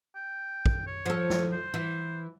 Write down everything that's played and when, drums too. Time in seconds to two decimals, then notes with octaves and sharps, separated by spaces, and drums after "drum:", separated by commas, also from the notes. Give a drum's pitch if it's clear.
0.15 G5
0.66 drum: kick
0.87 C#5
1.06 F3 A4
1.30 drum: snare
1.52 C5
1.74 E3